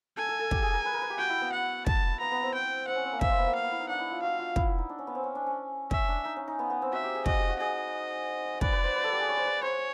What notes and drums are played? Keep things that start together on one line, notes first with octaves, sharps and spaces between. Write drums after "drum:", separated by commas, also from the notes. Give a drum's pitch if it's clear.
A4 G#5
A4
A4
G4, drum: kick
G#4
A#4
B4
A#4
B4
G4
F#4 G5
E4
B3
F#5
A5, drum: kick
B3 A#5
B3
C4
G5
C4 F#5
C#4
C4
A#3
E5, drum: kick
C4
B3
A#3
F5
B3
E4
D#4
D4 F#5
E4
F4
F#4 F5
F4
E4, drum: kick
E4
D#4
D4
C#4
B3
C4
C#4
D4
C#4
C#4 E5, drum: kick
D4
D#4
C#4
D#4
B3
B3
C4
F#4 E5
G4
G#4
F#4 D#5, drum: kick
G4
F#4
G#4 D#5
B4 D5, drum: kick
B4
C5
B4
A4
G4
G#4
C#5
C5
B4
C5 C#5